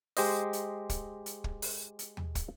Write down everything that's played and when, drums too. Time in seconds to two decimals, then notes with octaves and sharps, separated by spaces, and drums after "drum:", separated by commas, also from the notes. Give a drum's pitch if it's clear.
0.17 G#3 G4 C5 D#5, drum: open hi-hat
0.53 drum: hi-hat
0.90 drum: kick, hi-hat
1.26 drum: hi-hat
1.44 drum: kick
1.62 drum: open hi-hat
1.99 drum: hi-hat
2.17 drum: tom
2.35 drum: kick, hi-hat